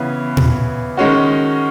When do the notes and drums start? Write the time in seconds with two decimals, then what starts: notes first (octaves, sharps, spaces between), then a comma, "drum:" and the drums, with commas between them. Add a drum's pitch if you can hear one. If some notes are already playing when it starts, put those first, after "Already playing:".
Already playing: C#3 E3 B3
0.37 drum: tom A#2
0.97 D#3 G#3 C#4 F#4